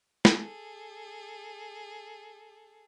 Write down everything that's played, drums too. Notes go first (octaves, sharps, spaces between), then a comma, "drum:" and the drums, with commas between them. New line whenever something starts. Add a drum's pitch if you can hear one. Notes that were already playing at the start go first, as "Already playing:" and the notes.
G#4 A4, drum: snare